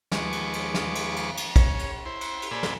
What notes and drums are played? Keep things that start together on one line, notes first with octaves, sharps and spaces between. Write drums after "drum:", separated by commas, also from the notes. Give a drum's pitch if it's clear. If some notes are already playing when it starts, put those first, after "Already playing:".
D#2 F3 G#3 B3 C#6 D6, drum: snare
drum: cymbal
drum: cymbal
drum: snare
drum: cymbal
drum: cymbal
drum: cymbal
C#4, drum: kick, cymbal
drum: cymbal
E4 C5
drum: cymbal
drum: cymbal
A#2 C5 D5 G#5 B5 E6
drum: snare